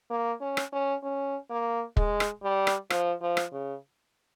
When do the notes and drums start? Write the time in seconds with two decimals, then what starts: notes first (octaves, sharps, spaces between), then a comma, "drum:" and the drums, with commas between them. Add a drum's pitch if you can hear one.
0.10 A#3
0.41 C#4
0.57 drum: rim click
0.73 C#4
1.03 C#4
1.50 A#3
1.97 G#3, drum: kick
2.20 drum: rim click
2.43 G3
2.67 drum: rim click
2.90 F3, drum: rim click
3.21 F3
3.37 drum: rim click
3.52 C#3